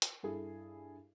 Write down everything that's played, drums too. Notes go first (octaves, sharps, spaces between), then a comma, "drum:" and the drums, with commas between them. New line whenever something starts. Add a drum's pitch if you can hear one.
drum: hi-hat
G2 E4 G#4 A4